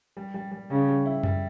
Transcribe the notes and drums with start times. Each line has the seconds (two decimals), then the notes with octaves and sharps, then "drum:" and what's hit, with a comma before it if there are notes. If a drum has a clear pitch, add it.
0.17 G3
0.34 G3
0.51 G3
0.70 C#3 G3
0.88 G3
1.06 E4
1.23 G3, drum: tom F#2